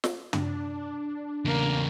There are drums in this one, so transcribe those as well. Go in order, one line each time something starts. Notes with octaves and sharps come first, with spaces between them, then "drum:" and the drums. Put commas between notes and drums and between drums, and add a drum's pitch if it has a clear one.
drum: snare
D4, drum: tom
E2 C#3 A#3